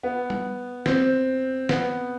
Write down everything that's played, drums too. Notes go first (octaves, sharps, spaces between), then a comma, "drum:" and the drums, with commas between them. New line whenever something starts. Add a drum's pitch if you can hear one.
B3
drum: tom G3
C4, drum: snare
B3, drum: snare